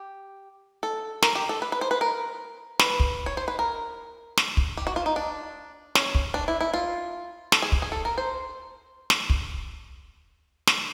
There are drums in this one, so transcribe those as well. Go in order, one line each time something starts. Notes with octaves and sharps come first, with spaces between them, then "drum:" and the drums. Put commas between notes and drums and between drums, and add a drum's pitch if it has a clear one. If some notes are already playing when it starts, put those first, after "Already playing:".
Already playing: G4
A4
A#4, drum: snare
G4
A4
B4
B4
C5
B4
A#4
B4, drum: snare
drum: kick
C#5
C5
B4
A#4
drum: snare
drum: kick
G4
F#4
F4
D#4
D4
C#4, drum: snare
drum: kick
D4
E4
E4
F4
A4, drum: snare
G#4
drum: kick
G#4
A4
A#4
C5
drum: snare
drum: kick
drum: snare